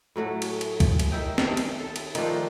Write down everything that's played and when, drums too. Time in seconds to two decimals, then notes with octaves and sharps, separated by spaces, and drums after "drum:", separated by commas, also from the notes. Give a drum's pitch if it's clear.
0.16 A2 F#3 A3 F#4
0.42 drum: cymbal
0.61 drum: cymbal
0.80 drum: kick C2, cymbal
0.99 drum: cymbal
1.12 D#3 E5 G5
1.38 drum: snare
1.57 drum: cymbal
1.79 A4
1.96 drum: cymbal
2.15 D#3 F3 A3 D4, drum: cymbal